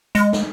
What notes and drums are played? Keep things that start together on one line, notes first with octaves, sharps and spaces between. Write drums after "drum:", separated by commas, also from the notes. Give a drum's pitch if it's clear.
G#3, drum: hi-hat
drum: snare